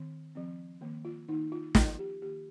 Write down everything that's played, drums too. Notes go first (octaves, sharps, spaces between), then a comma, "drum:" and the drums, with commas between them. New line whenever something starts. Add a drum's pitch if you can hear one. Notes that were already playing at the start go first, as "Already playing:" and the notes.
Already playing: D#3 C4
F3 C4
D#3 A#3
F4
D#3 A#3 D#4
F4
F3 A#3 F4, drum: snare
G4
D#3 A#3 G4